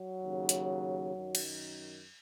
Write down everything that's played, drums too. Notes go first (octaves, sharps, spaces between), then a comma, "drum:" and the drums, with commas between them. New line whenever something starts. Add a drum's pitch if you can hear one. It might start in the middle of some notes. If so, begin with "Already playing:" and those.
Already playing: F#3
D#2 C#3
drum: hi-hat
F#2 D#3
drum: cymbal